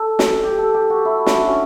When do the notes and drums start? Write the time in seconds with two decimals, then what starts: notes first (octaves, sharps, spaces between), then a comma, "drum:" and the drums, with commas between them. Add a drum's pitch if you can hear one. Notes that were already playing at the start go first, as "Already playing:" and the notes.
Already playing: A4
0.19 drum: snare
0.43 G4
0.58 A4
0.74 G4
0.90 F#4
1.05 E4
1.26 D4, drum: snare
1.47 C#4